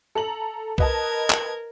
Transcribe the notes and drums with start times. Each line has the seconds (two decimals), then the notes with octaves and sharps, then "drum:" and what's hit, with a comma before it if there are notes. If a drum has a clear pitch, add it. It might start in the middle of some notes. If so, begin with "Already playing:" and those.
0.15 A4 A#5 F#7
0.78 A#4 B4 D#5 A5 G#6, drum: kick B1
1.30 drum: clap